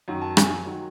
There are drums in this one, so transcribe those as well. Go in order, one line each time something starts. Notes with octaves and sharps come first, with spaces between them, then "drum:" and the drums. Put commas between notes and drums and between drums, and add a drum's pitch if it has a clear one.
F#2 D#3 F#3
A5
G#5, drum: rim click
D#3 F#3